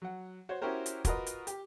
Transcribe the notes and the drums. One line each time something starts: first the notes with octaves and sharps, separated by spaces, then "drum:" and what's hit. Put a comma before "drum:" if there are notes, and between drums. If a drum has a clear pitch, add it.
F#3 F#5
F#4 C5 C#5
C#4 E4 F#4 G4 A#4 C5
drum: hi-hat
F4 F#4 A#4 B4 D#5, drum: kick, hi-hat
drum: hi-hat
G4, drum: hi-hat